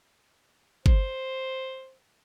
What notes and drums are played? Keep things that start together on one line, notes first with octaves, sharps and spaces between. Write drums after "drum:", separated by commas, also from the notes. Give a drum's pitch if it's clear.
C5, drum: kick G1